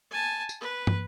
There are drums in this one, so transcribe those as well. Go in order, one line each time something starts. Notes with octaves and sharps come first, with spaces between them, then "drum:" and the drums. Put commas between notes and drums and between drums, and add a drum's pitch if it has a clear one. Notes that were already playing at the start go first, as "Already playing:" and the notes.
G#5 A5
drum: tambourine
B4
drum: tom